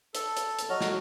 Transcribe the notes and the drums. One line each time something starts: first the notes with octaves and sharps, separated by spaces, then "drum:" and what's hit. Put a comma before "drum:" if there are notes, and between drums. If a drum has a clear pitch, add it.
A4, drum: hi-hat
drum: hi-hat
drum: hi-hat
F#3 F#4 D#5 F6
drum: snare